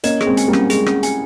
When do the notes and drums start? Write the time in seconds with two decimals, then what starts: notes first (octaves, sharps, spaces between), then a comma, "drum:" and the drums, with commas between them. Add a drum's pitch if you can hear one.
0.04 A#3 C#4 D#5, drum: hi-hat
0.21 G#4, drum: rim click
0.26 G#3 C4
0.37 G#5, drum: hi-hat
0.48 G3 A#3
0.53 C#4, drum: rim click
0.70 G#3 G#4, drum: hi-hat
0.86 C#4, drum: rim click
1.03 G#5, drum: hi-hat